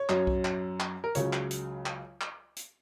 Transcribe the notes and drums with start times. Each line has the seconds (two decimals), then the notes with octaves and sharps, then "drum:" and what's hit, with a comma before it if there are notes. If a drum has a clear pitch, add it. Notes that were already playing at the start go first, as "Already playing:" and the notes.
Already playing: C#5
0.09 F#2 F#3 C#4, drum: clap
0.27 drum: kick B1
0.45 drum: clap
0.80 drum: clap
1.04 A#4
1.15 C#2 C#3 F#3 C#5, drum: hi-hat
1.33 drum: clap
1.51 drum: hi-hat
1.86 drum: clap
2.21 drum: clap
2.57 drum: hi-hat